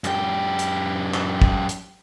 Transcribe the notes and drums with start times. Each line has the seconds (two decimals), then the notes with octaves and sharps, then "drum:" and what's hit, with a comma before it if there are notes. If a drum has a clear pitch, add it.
0.04 F#2 G4, drum: hi-hat
0.59 drum: hi-hat
1.14 drum: clap
1.42 drum: kick
1.69 drum: hi-hat